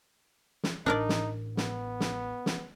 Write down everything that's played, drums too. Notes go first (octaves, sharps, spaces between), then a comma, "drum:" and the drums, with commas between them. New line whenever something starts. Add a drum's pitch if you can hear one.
drum: snare
A1 D4 D#4 A#4 D5
drum: snare
B3, drum: snare
drum: snare
drum: snare